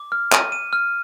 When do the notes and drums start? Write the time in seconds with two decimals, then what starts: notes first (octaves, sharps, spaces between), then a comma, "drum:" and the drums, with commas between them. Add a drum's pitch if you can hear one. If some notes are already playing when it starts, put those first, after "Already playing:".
Already playing: D6
0.12 F6
0.32 D#7, drum: clap
0.52 D#7
0.73 F6